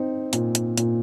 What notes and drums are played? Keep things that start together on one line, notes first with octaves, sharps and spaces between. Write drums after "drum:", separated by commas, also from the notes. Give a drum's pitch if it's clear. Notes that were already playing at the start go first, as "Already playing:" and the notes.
Already playing: C4 D#4
A#2, drum: hi-hat
drum: hi-hat
A#2, drum: hi-hat